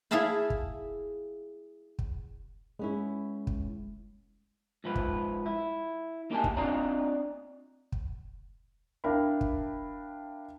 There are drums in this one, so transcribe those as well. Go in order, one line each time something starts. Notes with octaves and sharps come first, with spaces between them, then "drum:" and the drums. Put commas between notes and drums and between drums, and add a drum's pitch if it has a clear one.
E4 G#4 E5 F5 A5 B5
drum: kick
drum: kick
G#3 B3 C#4 E4
drum: kick
G#2 F3 B4
drum: kick
E4
A#3 D#4 G4 C5 G#5 A5
drum: kick
C4 D4 D#4 F4 D5 A#5
drum: kick
D4 E4 A#4 F5 G5 B5
drum: kick